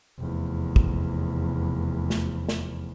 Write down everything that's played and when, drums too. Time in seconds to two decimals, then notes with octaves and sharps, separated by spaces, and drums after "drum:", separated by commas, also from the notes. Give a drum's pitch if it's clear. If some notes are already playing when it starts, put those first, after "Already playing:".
0.18 F1 E2
0.76 drum: kick
2.10 drum: snare
2.49 drum: snare